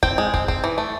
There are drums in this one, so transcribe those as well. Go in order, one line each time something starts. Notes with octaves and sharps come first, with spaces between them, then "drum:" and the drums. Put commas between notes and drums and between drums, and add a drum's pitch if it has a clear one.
C4 G5, drum: kick
G#3
C4, drum: kick
C4, drum: kick
E3
A3